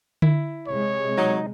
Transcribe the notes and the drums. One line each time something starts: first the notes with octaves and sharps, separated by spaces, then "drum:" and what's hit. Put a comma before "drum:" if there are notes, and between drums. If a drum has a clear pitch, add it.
E4, drum: tom D3
C3 G#3 C#5
F#3 D#4 D#5